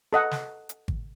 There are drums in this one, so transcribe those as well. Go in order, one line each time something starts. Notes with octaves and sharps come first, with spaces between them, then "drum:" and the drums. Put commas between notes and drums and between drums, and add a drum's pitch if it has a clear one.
A4 D#5 F#5
drum: snare
drum: hi-hat
drum: kick G#1